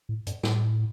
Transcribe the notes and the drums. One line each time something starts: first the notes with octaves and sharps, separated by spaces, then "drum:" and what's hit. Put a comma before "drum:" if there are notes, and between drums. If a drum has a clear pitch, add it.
A2
G2, drum: hi-hat
A2, drum: snare